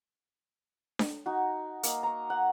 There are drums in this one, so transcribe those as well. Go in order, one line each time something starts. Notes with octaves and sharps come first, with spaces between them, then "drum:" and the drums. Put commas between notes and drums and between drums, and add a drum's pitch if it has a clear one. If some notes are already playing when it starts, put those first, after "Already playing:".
drum: snare D4
D#4 F#4
A#3 D#5, drum: hi-hat
A#5 C#6
F#5